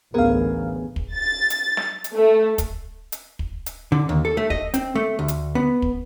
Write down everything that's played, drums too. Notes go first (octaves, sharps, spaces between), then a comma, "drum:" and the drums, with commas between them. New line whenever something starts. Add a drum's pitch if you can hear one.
A1 D2 C#3 B3 G#4 A#4 F5
drum: kick
A6
drum: hi-hat
drum: snare
drum: hi-hat
A3
drum: kick, hi-hat
drum: hi-hat
drum: kick
drum: hi-hat
D3
D#2
A4
A3
D#5, drum: kick
C4, drum: hi-hat
A3
D2
drum: hi-hat
B3
drum: kick